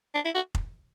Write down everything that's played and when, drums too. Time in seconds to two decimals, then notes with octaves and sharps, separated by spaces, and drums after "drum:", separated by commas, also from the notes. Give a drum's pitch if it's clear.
0.14 D4
0.25 E4
0.35 F#4
0.55 drum: kick F1